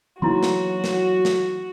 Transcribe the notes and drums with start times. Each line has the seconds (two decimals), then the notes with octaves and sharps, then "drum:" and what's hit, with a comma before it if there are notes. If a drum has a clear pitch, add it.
0.22 E3 F#3 A#3 B3 D#4 E4 F#4 C6
0.43 drum: snare
0.84 drum: snare
1.25 drum: snare